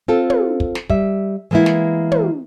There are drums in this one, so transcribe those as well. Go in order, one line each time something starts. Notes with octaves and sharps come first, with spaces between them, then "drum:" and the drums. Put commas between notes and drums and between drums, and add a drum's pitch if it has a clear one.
C4 F4 A4
drum: tom
drum: kick
drum: snare
G3 E5, drum: kick
E3 G#3 A#3 B3 E4
drum: snare
drum: tom